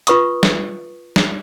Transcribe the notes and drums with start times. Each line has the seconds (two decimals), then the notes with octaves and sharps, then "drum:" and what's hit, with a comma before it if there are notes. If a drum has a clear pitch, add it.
0.07 F4 B4 C#6 D#6, drum: hi-hat
0.43 drum: snare
1.16 drum: snare